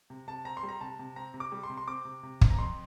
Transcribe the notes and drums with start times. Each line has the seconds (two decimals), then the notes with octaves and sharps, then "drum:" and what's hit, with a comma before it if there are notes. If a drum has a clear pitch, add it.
0.10 C3
0.28 C3 A5
0.45 C4 A#5
0.57 C6
0.63 G3
0.69 A#5
0.81 C3 A5
0.99 C3
1.16 C4 A#5
1.34 C3
1.40 D6
1.52 G3
1.63 C6
1.70 C3
1.77 C6
1.87 C4 D6
2.05 C3
2.23 C3
2.41 C4, drum: kick
2.51 A#5
2.58 F2 C6